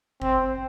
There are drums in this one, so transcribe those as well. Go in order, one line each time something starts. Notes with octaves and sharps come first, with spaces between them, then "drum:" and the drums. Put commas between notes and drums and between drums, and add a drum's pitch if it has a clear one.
C4, drum: kick G#1